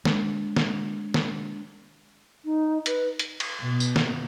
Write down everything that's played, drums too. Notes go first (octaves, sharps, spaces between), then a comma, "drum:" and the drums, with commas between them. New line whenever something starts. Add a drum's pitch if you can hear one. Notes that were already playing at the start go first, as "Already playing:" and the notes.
G#3 D4, drum: snare
drum: snare
drum: snare
D#4
B4, drum: hi-hat
drum: hi-hat
drum: cymbal
B2
drum: tambourine
drum: snare